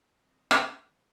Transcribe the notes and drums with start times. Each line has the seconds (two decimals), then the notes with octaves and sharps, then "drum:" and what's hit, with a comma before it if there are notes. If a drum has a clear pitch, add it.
0.18 D2 F#3 C4 D#5 G5
0.51 drum: rim click